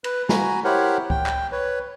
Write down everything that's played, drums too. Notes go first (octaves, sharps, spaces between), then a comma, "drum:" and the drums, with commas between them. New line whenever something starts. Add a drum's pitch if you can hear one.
B4, drum: cymbal
F#4 G#5 A#5 B5, drum: snare
E4 G4 A#4 C5 C#5 F#5
G5, drum: kick C#2
drum: clap
B4 C#5